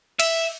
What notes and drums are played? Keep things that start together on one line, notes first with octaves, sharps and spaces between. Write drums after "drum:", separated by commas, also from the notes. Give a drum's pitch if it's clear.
E5, drum: cymbal